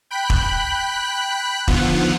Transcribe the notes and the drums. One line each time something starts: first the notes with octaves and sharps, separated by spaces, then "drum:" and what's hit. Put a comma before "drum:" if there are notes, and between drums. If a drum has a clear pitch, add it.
G5 B5 F#6 B6
drum: kick E1
D3 D#3 F3 B3 F4 F#5, drum: kick E1